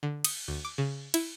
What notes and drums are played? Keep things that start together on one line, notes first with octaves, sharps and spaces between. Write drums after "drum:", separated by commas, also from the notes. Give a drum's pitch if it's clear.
D3
D#6, drum: cymbal
D2
D6
C#3
E4, drum: cymbal